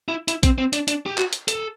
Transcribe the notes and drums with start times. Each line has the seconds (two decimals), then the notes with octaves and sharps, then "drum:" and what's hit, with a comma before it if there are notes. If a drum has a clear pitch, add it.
0.08 E4
0.28 E4, drum: hi-hat
0.43 C4, drum: kick A#1, hi-hat
0.58 C4
0.73 D4, drum: hi-hat
0.88 D4, drum: hi-hat
1.06 G4
1.18 F#4, drum: clap
1.33 drum: hi-hat
1.48 A4, drum: hi-hat